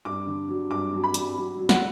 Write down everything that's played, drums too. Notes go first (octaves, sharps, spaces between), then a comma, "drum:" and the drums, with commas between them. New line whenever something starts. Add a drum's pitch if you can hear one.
G2 D6
D3
F#3
G2 D6
F#3
B5
F#3, drum: hi-hat
F#3
F#3
F#5, drum: snare